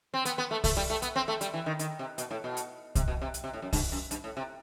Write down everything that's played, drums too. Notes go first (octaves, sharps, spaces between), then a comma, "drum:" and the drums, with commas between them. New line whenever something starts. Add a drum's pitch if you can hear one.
C4
B3, drum: hi-hat
B3
A3
A3, drum: kick C2, open hi-hat
G3
A3
B3, drum: hi-hat
C4
A3
G3, drum: hi-hat
E3
D#3
D#3, drum: hi-hat
C3
B2, drum: hi-hat
A2
B2
drum: hi-hat
C3, drum: kick C2, hi-hat
B2
C3
drum: hi-hat
C3
A2
F#2
G2, drum: kick C2, open hi-hat
F#2
G2, drum: hi-hat
A2
C3